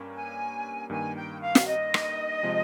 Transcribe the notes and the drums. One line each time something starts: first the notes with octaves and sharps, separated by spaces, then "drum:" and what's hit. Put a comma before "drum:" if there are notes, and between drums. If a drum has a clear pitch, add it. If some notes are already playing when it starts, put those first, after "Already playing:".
Already playing: G2 G3 A#3 C#4
G#5
G2 D#3 A#3 G#5
G5
F5
drum: snare
D#5
drum: rim click
C3 F3 G#3